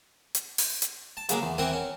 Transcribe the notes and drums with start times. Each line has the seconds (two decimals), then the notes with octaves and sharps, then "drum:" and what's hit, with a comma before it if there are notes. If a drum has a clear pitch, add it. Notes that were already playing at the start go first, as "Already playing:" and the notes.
0.35 drum: hi-hat
0.58 drum: open hi-hat
0.82 drum: hi-hat
1.17 A5
1.29 C#3 F#3 G#3 A#3, drum: hi-hat
1.42 E2
1.58 E3 C4 A#4 F#5 G#5 C6
1.73 C#4